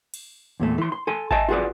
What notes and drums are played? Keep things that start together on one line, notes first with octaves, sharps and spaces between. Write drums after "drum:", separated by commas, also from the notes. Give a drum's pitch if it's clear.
drum: cymbal
E2 A#2 A3
E3 C6
C6
A4 G#5 C6
D#5 E5 G#5 A5, drum: kick G#1
F4 F#4 G#4 B4 D5